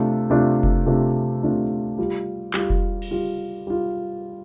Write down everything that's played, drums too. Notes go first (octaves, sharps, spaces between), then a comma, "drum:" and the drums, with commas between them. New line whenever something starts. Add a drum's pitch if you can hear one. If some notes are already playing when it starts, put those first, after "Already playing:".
Already playing: C3 A3 D4 F4
C3 A3 D4 F4
drum: kick F1
C3 A3 D4 F4
C3 A3 D4 F4
G3 F4
G3 F4, drum: clap
drum: kick F1
drum: cymbal
G3 F4
G3 F4